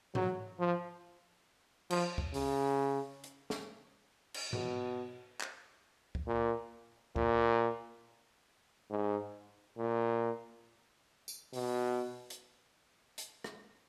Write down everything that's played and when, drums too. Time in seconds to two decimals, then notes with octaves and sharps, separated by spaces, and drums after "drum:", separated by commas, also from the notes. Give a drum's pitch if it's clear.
0.15 F#3, drum: tom G#2
0.59 F3
1.90 F3, drum: cymbal
2.18 drum: kick C#2
2.34 C#3, drum: open hi-hat
3.24 drum: hi-hat
3.50 drum: snare
4.34 drum: cymbal
4.53 B2, drum: tom G#2
5.40 drum: clap
6.15 drum: kick C#2
6.27 A#2
7.16 A#2, drum: kick C#2
8.91 G#2
9.78 A#2
11.28 drum: tambourine
11.53 B2, drum: open hi-hat
12.30 drum: hi-hat
13.18 drum: hi-hat
13.44 drum: rim click